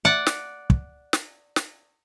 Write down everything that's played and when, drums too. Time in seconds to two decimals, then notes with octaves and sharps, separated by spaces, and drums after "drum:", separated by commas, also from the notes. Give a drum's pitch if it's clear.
0.05 D5 F#5
0.26 drum: snare
0.70 drum: kick
1.13 drum: snare
1.56 drum: snare